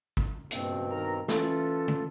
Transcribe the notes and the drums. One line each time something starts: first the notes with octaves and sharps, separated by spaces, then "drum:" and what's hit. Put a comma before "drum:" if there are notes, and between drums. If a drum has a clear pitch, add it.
drum: kick
F#1 G2 B2 C4, drum: hi-hat
D#3 A#4 A#5
E3 C#4 F4 A4, drum: snare
drum: tom